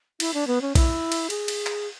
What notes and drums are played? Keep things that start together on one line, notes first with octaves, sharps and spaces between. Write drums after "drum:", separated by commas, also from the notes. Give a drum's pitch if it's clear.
E4, drum: cymbal
D4
B3
C#4
E4, drum: kick B1, cymbal
drum: cymbal
G#4, drum: cymbal
drum: cymbal
drum: clap